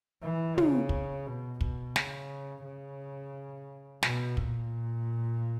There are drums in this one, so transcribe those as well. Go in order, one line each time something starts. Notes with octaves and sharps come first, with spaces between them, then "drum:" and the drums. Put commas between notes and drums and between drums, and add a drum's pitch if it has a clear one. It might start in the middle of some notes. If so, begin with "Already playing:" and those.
E3
C#3, drum: tom
drum: kick
B2
B2, drum: kick
C#3, drum: snare
C#3
B2, drum: snare
A#2, drum: kick